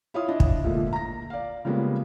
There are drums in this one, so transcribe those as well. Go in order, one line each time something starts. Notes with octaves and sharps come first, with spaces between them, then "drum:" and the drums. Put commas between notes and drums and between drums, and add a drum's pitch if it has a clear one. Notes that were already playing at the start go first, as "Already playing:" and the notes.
E4 F4 C#5 F5 D#6
D4 E4 D#5
drum: kick
A#2 D3 F3 G#3 A3
A#5 A#6
D5 F5
C#3 F3 G3 G#3 A#3 B3